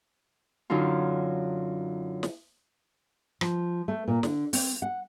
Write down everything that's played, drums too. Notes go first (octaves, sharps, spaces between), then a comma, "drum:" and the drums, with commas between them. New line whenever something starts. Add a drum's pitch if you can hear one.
F#2 D3 F#3 D#4 F4
drum: snare
F3, drum: rim click
A3
A#2
D3, drum: snare
C4, drum: open hi-hat
F#5